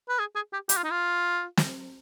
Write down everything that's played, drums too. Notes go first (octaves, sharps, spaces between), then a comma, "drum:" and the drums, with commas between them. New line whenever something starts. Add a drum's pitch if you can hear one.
B4
G#4
G#4
G4
G4, drum: hi-hat
F4
D#4
F4
drum: snare